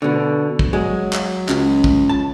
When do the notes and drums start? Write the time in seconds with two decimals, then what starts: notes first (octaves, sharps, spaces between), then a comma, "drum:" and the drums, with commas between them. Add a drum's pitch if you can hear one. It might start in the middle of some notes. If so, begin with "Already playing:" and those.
0.02 B2 D3
0.59 drum: kick
0.73 F#3 G#3
1.13 drum: clap
1.48 C#2, drum: clap
1.84 drum: kick
2.09 A5